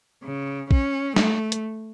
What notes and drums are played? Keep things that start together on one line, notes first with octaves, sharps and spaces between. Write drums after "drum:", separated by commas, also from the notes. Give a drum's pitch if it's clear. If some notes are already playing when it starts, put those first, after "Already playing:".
C#3
C#4, drum: kick
A3, drum: snare
drum: hi-hat